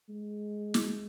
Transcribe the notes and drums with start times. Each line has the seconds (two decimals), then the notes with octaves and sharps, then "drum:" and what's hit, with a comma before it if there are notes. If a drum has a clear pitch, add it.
0.09 G#3
0.74 drum: snare